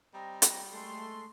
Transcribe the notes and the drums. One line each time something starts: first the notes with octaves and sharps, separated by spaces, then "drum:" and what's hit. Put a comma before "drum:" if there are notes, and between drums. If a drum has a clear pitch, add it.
G3 C4 D#5 A#5
drum: hi-hat
G#3 A3 A4 C6